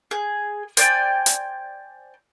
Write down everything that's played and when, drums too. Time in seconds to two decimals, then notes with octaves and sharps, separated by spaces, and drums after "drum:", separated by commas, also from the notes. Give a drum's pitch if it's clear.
0.11 G#4
0.77 C5 D5 G5 G#5, drum: hi-hat
1.26 drum: hi-hat